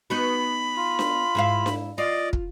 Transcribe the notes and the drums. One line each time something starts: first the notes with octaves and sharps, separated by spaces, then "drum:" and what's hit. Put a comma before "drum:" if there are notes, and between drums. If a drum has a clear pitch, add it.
B3 D#4 F#4 B5
F4
drum: snare D4
G#2 E4 F5
drum: snare D4
F4 D5 D#5
drum: kick